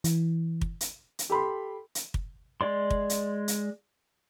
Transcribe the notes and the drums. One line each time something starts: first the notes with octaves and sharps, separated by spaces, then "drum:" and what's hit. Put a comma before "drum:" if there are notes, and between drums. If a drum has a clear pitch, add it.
E3, drum: hi-hat
drum: kick
drum: hi-hat
drum: hi-hat
G4 A4 B5 C6
drum: hi-hat
drum: kick
G#3 D5 C6
drum: kick
drum: hi-hat
drum: hi-hat